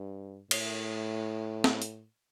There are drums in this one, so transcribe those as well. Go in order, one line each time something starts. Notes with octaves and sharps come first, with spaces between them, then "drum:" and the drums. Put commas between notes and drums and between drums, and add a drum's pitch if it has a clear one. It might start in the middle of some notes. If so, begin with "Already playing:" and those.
Already playing: G2
A2, drum: cymbal
drum: snare
drum: hi-hat